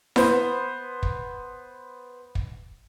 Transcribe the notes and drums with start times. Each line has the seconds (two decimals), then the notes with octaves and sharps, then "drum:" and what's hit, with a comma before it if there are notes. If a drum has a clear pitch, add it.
0.16 B3 C5, drum: snare E4
1.03 drum: kick
2.35 drum: kick